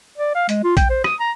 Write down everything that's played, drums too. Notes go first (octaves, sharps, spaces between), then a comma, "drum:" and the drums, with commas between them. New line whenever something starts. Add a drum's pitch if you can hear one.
D5
F5
G#3, drum: hi-hat
F4
G5, drum: kick, hi-hat
C5
D#6, drum: rim click
A#5